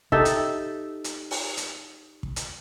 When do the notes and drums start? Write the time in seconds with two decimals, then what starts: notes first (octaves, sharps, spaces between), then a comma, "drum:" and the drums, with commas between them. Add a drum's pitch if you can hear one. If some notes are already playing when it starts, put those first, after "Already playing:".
0.12 D#4 G4 A4 E5, drum: kick
0.25 drum: hi-hat
1.04 drum: hi-hat
1.31 drum: open hi-hat
1.57 drum: hi-hat
2.23 drum: kick
2.36 drum: hi-hat